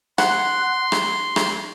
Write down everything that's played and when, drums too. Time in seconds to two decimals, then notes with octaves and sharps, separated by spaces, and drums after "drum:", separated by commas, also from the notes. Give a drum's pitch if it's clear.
0.18 F#5 C6, drum: rim click
0.92 drum: rim click
1.36 drum: rim click